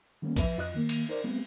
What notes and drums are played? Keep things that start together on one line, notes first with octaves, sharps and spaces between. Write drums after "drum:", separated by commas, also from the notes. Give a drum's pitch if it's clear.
D#3 G3 A#3 B3 C#4
F3 B4 E5 B5, drum: kick A#1, cymbal
F2 F4 D#5 F#6
D#3 A#3
drum: cymbal
D#4 A#4 C5 D5
G3 A3 B3 C4